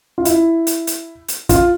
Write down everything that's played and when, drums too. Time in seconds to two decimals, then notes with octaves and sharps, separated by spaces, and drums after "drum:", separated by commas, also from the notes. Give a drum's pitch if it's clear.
0.18 F4
0.25 E4, drum: hi-hat
0.67 drum: hi-hat
0.87 drum: hi-hat
1.28 drum: hi-hat
1.49 F4, drum: kick, hi-hat